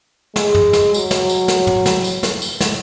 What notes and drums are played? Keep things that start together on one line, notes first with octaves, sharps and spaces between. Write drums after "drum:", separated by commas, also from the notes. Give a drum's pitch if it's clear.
G#3, drum: snare
drum: tom
drum: snare
F#3, drum: tambourine
drum: snare
drum: tambourine
drum: snare
drum: tom
drum: snare
drum: tambourine
drum: snare
drum: tambourine
drum: snare